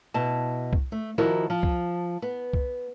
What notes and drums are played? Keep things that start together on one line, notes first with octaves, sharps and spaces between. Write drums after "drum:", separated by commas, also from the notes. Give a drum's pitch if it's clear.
B2 E4 A5
drum: kick C2
A3
D#3 F3 E4 F#4 A#4
F3
drum: kick C2
B3
drum: kick C2